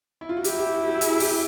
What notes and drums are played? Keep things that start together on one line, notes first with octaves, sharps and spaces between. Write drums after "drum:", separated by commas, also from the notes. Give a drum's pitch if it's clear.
E4
F4
F#4
E4 G4, drum: hi-hat
G4
F#4
G4
G#4, drum: hi-hat
G4, drum: open hi-hat